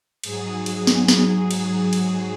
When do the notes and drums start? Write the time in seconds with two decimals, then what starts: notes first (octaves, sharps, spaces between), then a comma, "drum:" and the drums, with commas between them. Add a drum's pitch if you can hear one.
0.24 G#2 F#3 G#4, drum: cymbal
0.66 drum: cymbal
0.87 drum: snare
1.08 drum: snare
1.51 drum: cymbal
1.93 drum: cymbal